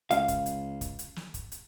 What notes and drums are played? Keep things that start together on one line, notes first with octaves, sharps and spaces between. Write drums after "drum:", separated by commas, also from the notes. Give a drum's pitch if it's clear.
C#2 F5, drum: hi-hat
drum: kick, hi-hat
drum: hi-hat
drum: kick, hi-hat
drum: hi-hat
drum: snare
drum: kick, hi-hat
drum: hi-hat